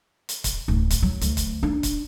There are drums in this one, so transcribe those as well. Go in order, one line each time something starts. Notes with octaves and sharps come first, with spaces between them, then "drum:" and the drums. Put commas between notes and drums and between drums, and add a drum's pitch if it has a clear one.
drum: hi-hat
drum: kick, hi-hat
D1
drum: kick, hi-hat
F#3
D2, drum: hi-hat
drum: kick, hi-hat
D4
drum: kick, hi-hat